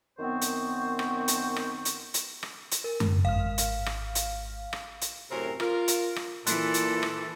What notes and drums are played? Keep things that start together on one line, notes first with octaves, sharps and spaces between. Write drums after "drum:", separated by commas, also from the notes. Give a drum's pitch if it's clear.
F#2 D#3 B3 C4 C5 C#6
drum: hi-hat
drum: rim click
drum: hi-hat
drum: rim click
drum: hi-hat
drum: hi-hat
drum: rim click
drum: hi-hat
A#4
drum: tom F#2
G#1 G#2 F5 F6
drum: hi-hat
drum: rim click
drum: hi-hat
drum: rim click
drum: hi-hat
F#2 A2 C3 C4 C#4 A#4
F4 A#4, drum: rim click
drum: hi-hat
drum: rim click
A#2 E3 A4 C6 F#6 A6, drum: hi-hat
drum: hi-hat
drum: rim click